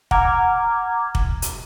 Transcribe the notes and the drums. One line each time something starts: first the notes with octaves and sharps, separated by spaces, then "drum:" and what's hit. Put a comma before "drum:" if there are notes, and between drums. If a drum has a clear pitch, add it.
F#5 A#5 D6 F6 G#6, drum: kick
drum: kick
drum: hi-hat